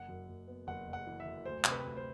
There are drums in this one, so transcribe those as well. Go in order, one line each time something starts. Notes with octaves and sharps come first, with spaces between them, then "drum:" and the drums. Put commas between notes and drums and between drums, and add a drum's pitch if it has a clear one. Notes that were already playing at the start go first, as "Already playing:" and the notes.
Already playing: F#1 F#5
F#2
F#1
B3
F#1 F#5
F#1
F#5
E3
E5
F#2
D2 C5
C3, drum: clap
B4
D2
C5